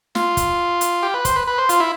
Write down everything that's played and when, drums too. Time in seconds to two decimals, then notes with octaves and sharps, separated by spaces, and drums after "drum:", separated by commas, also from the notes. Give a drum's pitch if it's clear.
0.15 F4, drum: snare
0.37 drum: kick, hi-hat
0.81 drum: hi-hat
1.03 G4
1.14 B4
1.25 C5, drum: kick, hi-hat
1.36 B4
1.47 B4
1.58 C5
1.69 F4, drum: hi-hat
1.80 E4